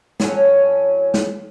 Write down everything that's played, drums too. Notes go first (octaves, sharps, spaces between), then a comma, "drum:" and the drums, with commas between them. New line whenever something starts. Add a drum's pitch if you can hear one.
A2 F#3 C#4, drum: snare
drum: snare